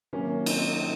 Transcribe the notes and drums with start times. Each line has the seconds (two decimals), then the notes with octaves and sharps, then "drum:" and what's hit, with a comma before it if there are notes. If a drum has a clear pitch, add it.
0.13 C3 D#3 F#3 A#3 C#4
0.46 C4 D#4, drum: cymbal
0.73 D#4